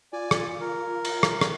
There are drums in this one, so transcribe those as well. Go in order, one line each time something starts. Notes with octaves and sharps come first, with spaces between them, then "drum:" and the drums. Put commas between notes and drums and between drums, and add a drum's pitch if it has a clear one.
F4 D5 G#5
drum: rim click
A#4
drum: cymbal
drum: rim click
drum: rim click